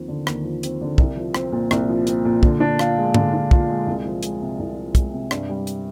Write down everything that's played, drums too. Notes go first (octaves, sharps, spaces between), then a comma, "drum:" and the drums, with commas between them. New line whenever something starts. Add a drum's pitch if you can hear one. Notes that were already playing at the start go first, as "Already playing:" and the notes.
Already playing: D#2 F3 C4
D3
D#2, drum: rim click
F3
C4, drum: hi-hat
D3
C2, drum: kick
F3
C4, drum: rim click
A#2
C2, drum: rim click
F3
C4, drum: hi-hat
A#2
D3, drum: kick
D4
F4, drum: rim click
G#3
D3, drum: tom G#2
D4
F4, drum: kick
G#3
C2
F3
G#3, drum: hi-hat
C3
C2
F3
G#3, drum: kick, hi-hat
C3
G2, drum: rim click
G3
drum: hi-hat